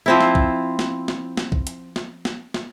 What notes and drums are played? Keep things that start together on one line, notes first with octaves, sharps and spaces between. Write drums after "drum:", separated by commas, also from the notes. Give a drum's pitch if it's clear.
F3 C4 E4
drum: snare
drum: kick B1
drum: snare
drum: snare
drum: snare
drum: kick B1
drum: hi-hat
drum: snare
drum: snare
drum: snare